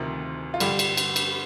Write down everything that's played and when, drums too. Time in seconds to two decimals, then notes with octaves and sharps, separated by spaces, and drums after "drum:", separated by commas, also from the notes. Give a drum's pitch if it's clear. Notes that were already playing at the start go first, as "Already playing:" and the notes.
Already playing: D2 C3 D#3 F3
0.54 F4
0.60 G2 D3 G3 G4, drum: cymbal
0.79 drum: cymbal
0.97 drum: cymbal
1.16 drum: cymbal